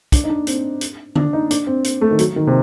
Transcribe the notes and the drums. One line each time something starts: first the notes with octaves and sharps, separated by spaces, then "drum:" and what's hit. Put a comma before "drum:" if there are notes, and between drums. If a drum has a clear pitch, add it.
D4, drum: kick, hi-hat
D#4
D4
C4, drum: hi-hat
drum: hi-hat
D4, drum: tom D3
D#4
D4, drum: hi-hat
C4
drum: hi-hat
A3
D#3
F#3, drum: hi-hat
D#3
C3